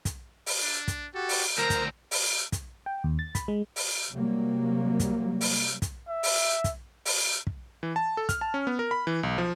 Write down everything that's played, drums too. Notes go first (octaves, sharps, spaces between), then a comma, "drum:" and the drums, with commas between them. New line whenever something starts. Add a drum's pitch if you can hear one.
drum: kick, hi-hat
drum: open hi-hat
D4
drum: kick, hi-hat
F#4 G4 A4
drum: open hi-hat
D2 C4 A#4 A#5
drum: kick, hi-hat
drum: open hi-hat
drum: kick, hi-hat
G5
D#2
A6
B5, drum: kick, hi-hat
G#3
drum: open hi-hat
C3 F#3 G3 A#3
drum: kick, hi-hat
drum: open hi-hat
drum: kick, hi-hat
E5
drum: open hi-hat
drum: kick, hi-hat
drum: open hi-hat
drum: kick
E3
A5
A4
F6, drum: kick, hi-hat
A5
C#4
B3
A#4
B5
E3
B1
F3